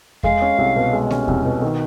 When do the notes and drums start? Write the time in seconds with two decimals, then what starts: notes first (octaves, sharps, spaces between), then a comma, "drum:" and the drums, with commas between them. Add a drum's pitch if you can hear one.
0.23 G#3 F5, drum: kick E2
0.42 C#4
0.58 C2
0.76 B2
0.93 G#3
1.10 C#4, drum: snare G#3
1.28 C2, drum: kick E2
1.45 B2
1.62 D#3